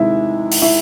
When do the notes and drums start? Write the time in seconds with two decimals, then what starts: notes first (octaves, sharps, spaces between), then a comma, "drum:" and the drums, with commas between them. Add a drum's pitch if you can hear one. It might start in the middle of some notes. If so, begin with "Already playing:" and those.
Already playing: C3 D#3 G#3 D#4 E4 E5
0.52 drum: open hi-hat
0.62 E4 E5